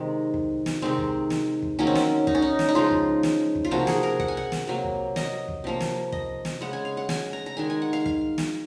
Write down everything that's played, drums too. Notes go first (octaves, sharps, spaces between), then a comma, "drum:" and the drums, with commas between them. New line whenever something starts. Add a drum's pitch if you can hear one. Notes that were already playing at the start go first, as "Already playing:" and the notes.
Already playing: C3 D#3 G#3
drum: kick
drum: snare
C3 D#3 G#3 C4
drum: kick
drum: snare
drum: kick
D#3 F#3 A#3 C#4
C4
C#4, drum: snare
D#4, drum: kick
C#4
D#4
drum: snare
D#4
C#3 F3 G#3 F4
drum: kick
drum: snare
drum: kick
F4
C3 F3 A#3 F#4
G#4, drum: snare
A#4
F#5, drum: kick
G#5
F#5
drum: snare
C3 F#3 A#3
drum: kick
D#5, drum: snare
drum: kick
C3 F3 A#3
drum: snare
D#5, drum: kick
drum: snare
C#3 G#3 F#5
G#5
F5
F#5
G#5, drum: snare
A#5
A#5
D#3 G#3 G#5
G#5
F#5
F5
F5, drum: kick
drum: snare